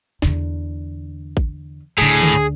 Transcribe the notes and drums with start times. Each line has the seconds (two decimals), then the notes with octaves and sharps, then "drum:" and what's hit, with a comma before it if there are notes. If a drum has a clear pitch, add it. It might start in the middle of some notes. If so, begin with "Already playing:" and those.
0.22 E2 D3, drum: snare
1.37 drum: kick A1
1.98 D2 A2 D3 G#4
2.23 drum: tom D3